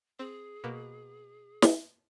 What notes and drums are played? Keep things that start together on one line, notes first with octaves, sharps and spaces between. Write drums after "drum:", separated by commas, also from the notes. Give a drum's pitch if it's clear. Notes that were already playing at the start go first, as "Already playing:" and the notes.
C4 G#4
B2 A#3
drum: snare